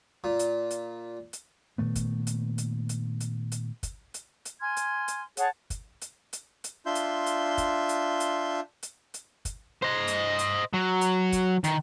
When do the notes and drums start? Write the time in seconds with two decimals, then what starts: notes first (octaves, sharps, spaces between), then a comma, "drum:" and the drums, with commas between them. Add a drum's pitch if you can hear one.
0.24 A#2
0.39 drum: hi-hat
0.71 drum: hi-hat
1.33 drum: hi-hat
1.78 A#2 D#3 A3 B3
1.95 drum: kick, hi-hat
2.27 drum: hi-hat
2.58 drum: hi-hat
2.89 drum: hi-hat
3.20 drum: hi-hat
3.52 drum: hi-hat
3.83 drum: kick, hi-hat
4.14 drum: hi-hat
4.45 drum: hi-hat
4.61 G#5 C6 F6 G#6
4.77 drum: hi-hat
5.08 drum: hi-hat
5.37 G#4 C#5 F#5 A5, drum: hi-hat
5.70 drum: kick, hi-hat
6.01 drum: hi-hat
6.33 drum: hi-hat
6.64 drum: hi-hat
6.86 D4 F4 E5 C6 G6
6.95 drum: hi-hat
7.26 drum: hi-hat
7.58 drum: kick, hi-hat
7.89 drum: hi-hat
8.20 drum: hi-hat
8.83 drum: hi-hat
9.14 drum: hi-hat
9.45 drum: kick, hi-hat
9.82 C5 D#5
10.08 drum: hi-hat
10.39 drum: hi-hat
10.73 F#3
11.01 drum: hi-hat
11.32 drum: kick, hi-hat
11.64 D#3, drum: hi-hat